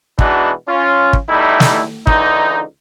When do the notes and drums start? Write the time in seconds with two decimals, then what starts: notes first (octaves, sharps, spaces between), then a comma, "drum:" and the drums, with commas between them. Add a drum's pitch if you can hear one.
0.19 B2 E3 G#3 D4 D#4 F#4, drum: kick
0.68 C#4 F4
1.13 drum: kick
1.29 E2 G3 A3 D#4 E4
1.60 drum: snare
2.07 C#2 D3 E3 D#4, drum: kick